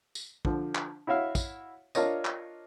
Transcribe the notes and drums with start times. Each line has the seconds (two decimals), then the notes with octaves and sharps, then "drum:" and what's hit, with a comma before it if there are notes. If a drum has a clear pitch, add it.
0.15 drum: tambourine
0.45 D3 F3, drum: kick
0.75 drum: clap
1.07 E4 F#4 C#5 E5 F5
1.35 drum: kick, tambourine
1.95 D4 F4 A#4 C#5 D#5, drum: tambourine
2.25 drum: clap